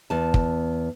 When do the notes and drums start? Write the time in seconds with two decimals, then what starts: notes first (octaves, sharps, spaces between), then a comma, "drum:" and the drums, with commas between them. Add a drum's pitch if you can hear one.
0.10 E2 A5
0.34 drum: kick